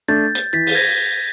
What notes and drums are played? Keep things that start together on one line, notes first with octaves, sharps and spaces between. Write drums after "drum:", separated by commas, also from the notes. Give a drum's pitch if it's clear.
A3 D4 G6 A6
drum: hi-hat
E3 A6 B6
B6, drum: open hi-hat
G#6 A#6